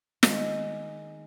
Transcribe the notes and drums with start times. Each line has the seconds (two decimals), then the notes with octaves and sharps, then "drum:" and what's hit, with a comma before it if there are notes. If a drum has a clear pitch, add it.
0.23 D#3 G#3 D#5, drum: snare